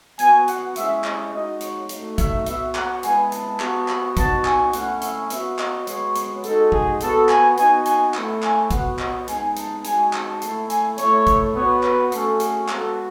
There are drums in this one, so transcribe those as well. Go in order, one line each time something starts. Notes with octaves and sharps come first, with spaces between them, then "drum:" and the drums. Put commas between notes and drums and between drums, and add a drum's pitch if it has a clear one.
B3 F#4 G#5, drum: hi-hat
F#5, drum: hi-hat
G#3 C#4 E4 E5, drum: hi-hat
D#5, drum: clap
G#3 D#4 F#4 D#5
C#5, drum: hi-hat
A3 D#4 F#4, drum: hi-hat
E5, drum: kick, hi-hat
B3 F#4 E5, drum: hi-hat
F#5, drum: clap
G#3 B3 E4 G#5, drum: hi-hat
A5, drum: hi-hat
B3 F#4, drum: clap
drum: clap
B3 D#4 F#4 A5, drum: kick, hi-hat
G#5, drum: clap
A3 C#4 E4 F#5, drum: hi-hat
E5, drum: hi-hat
B3 F#4 E5, drum: hi-hat
D#5, drum: clap
G#3 B3 F#4 C#5, drum: hi-hat
drum: hi-hat
G#3 D#4 F#4 A4, drum: hi-hat
G#4, drum: kick
B3 F#4 A4, drum: hi-hat
G#5, drum: clap
B3 D#4 F#4 G#5, drum: hi-hat
G#5, drum: hi-hat
A3 E4, drum: clap
G#5, drum: clap
B3 F#4 F#5, drum: kick, hi-hat
D#5, drum: clap
G#3 B3 D#4 G#5, drum: hi-hat
A5, drum: hi-hat
G#3 D#4 F#4 G#5, drum: hi-hat
A5, drum: clap
A3 E4, drum: hi-hat
G#5, drum: hi-hat
A3 E4 C#5, drum: hi-hat
drum: kick, hi-hat
B3 F#4 C#5
B4, drum: clap
A3 C#4 F#4 A4, drum: hi-hat
G#4, drum: hi-hat
G#3 B3 F#4 A4, drum: clap